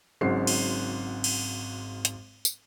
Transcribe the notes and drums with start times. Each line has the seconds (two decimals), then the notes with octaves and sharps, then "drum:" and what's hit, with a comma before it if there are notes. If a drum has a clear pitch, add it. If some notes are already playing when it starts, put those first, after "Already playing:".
0.21 G#1 G#2 C#3 F#3 G#3 C7
0.47 drum: cymbal
1.24 drum: cymbal
2.05 drum: hi-hat
2.45 drum: tambourine